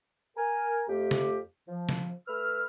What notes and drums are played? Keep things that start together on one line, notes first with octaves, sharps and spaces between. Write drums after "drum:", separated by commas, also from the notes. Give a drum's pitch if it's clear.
A#4 G#5
F2 A3 G4
drum: snare
F3
drum: snare
A3 B4 B5 E6 F6